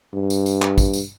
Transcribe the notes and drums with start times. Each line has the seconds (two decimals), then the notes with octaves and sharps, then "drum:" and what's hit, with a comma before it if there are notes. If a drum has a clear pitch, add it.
0.14 G2
0.30 drum: tambourine
0.46 drum: tambourine
0.62 drum: clap
0.78 drum: kick, tambourine
0.93 drum: tambourine